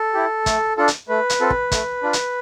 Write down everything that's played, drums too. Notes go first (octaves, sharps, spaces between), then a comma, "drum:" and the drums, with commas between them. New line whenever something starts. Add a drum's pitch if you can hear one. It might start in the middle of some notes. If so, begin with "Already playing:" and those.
Already playing: A4
E4 G4
A3, drum: kick, hi-hat
D4 F4 A4
drum: hi-hat
A3 B4
drum: hi-hat
C4 F4 A4
drum: kick
A3, drum: kick, hi-hat
D4 F4
drum: hi-hat